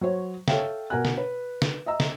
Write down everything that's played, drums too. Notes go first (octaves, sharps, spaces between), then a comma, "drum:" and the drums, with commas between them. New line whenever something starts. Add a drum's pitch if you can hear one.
F#3 C5 C#5
A4 C#5 E5 F5 G5, drum: snare
B2 A#4 F#5 G#5 F#6
drum: snare
B4
drum: snare
D#5 E5 A#5 E6
drum: snare